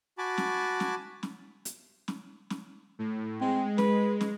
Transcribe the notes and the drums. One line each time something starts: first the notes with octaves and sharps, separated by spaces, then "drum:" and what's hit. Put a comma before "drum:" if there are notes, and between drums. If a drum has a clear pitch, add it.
F#4 G#5 A5 B5 D6
drum: snare
drum: snare
drum: snare
drum: hi-hat
drum: snare
drum: snare
A2
G#3 C4
B4, drum: snare
drum: snare